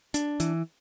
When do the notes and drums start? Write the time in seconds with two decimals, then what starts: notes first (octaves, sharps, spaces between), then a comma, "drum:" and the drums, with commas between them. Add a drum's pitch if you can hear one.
0.14 D4, drum: hi-hat
0.40 E3, drum: hi-hat